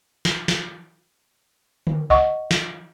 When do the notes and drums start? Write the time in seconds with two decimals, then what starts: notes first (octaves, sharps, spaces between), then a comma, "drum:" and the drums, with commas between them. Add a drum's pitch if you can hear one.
0.25 drum: snare
0.48 drum: snare
1.87 drum: tom D3
2.10 D#5 F#5 C#6, drum: kick C#2
2.51 drum: snare